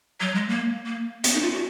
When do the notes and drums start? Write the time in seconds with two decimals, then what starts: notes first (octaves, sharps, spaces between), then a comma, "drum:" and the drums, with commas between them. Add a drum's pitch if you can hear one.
0.21 F#3
0.35 G#3
0.49 A#3
0.86 A#3
1.24 B3, drum: hi-hat
1.34 D#4
1.43 F4
1.53 F#4